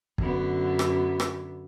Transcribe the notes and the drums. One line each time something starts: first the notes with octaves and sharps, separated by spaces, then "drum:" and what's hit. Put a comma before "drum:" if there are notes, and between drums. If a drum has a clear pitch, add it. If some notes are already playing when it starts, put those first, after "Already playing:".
F#2 D3 B3, drum: kick
drum: rim click
drum: rim click